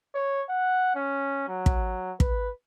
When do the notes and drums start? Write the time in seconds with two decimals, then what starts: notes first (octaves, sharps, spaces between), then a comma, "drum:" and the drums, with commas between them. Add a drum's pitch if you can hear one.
0.14 C#5
0.49 F#5
0.95 C#4
1.48 F#3
1.66 drum: kick
2.20 B4, drum: kick